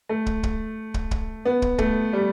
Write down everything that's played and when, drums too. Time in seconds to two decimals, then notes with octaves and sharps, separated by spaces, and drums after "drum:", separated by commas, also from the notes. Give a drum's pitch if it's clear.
0.09 A3
0.26 drum: kick
0.43 drum: kick
0.94 drum: kick
1.11 drum: kick
1.45 B3
1.62 drum: kick
1.78 A3, drum: kick
2.13 G3